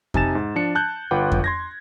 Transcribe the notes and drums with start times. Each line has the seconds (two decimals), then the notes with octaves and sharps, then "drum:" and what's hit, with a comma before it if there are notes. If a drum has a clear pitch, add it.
0.14 C3 D#4 G#5 A5 A6 E7, drum: kick F2
0.35 G#2
0.55 F3 D4 C#7
0.75 A5 F#6 G6
1.11 G1 F4 B4 F#5 G5 D6
1.32 drum: kick F2
1.44 C6 G#6 A#6